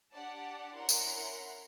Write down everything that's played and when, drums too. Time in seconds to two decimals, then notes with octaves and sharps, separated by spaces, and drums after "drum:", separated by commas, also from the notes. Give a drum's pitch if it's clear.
0.13 D4 G4 D5 F#5 A5
0.73 C#4 E4 A#4 F#5 C6
0.89 drum: tambourine